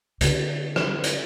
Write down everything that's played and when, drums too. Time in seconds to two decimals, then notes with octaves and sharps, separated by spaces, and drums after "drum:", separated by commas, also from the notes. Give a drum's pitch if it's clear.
0.21 D3 B3, drum: hi-hat
0.76 drum: rim click
1.04 drum: hi-hat